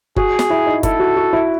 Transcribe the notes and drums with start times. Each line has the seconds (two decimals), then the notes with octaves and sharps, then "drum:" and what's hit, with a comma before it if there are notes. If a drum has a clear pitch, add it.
0.16 F#4 G#4, drum: kick F#1
0.39 drum: snare
0.50 E4
0.67 D#4
0.83 E4 A4, drum: kick F#1, hi-hat
0.99 F#4
1.16 F#4
1.33 E4